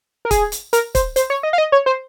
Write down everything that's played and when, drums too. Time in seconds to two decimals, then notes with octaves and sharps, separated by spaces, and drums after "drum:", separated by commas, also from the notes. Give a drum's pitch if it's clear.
0.25 A#4
0.31 G#4, drum: kick, hi-hat
0.52 drum: hi-hat
0.73 A#4, drum: hi-hat
0.95 C5, drum: kick, hi-hat
1.16 C5, drum: hi-hat
1.30 C#5
1.43 D#5
1.53 F5
1.58 D#5
1.72 C#5
1.86 C5